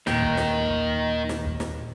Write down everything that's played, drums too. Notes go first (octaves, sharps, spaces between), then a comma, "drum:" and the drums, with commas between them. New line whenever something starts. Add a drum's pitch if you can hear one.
D#2 A#2 D#3 G5, drum: snare
drum: kick
drum: snare
drum: kick
drum: snare
drum: kick
drum: snare